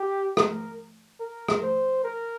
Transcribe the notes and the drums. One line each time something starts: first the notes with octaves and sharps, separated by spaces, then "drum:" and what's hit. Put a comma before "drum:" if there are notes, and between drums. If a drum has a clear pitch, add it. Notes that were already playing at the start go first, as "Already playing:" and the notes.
Already playing: G4
A#4, drum: rim click
A#4
drum: rim click
C5
A#4